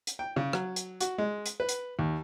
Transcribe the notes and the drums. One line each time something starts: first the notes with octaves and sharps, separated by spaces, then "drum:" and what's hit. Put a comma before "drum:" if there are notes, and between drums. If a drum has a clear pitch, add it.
drum: hi-hat
G5
C#3
F#3, drum: rim click
drum: hi-hat
F#4, drum: hi-hat
G#3
drum: hi-hat
B4
drum: hi-hat
D#2